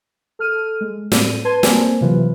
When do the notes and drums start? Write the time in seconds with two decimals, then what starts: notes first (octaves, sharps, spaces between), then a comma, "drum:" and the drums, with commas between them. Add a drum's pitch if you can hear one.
0.39 A4 F6 D#7
0.81 G#3
1.12 A2 C4 D#7, drum: snare
1.45 B4 A5 C6 G#6 D#7
1.63 A#3 C4 C5 G#5, drum: snare
2.01 C3 E3 F#3 F4 B4